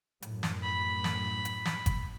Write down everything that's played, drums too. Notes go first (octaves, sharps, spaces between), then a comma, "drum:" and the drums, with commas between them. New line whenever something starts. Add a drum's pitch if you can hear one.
F#2 A2, drum: hi-hat
drum: snare
B5
drum: snare
drum: hi-hat
drum: snare
drum: kick G1, hi-hat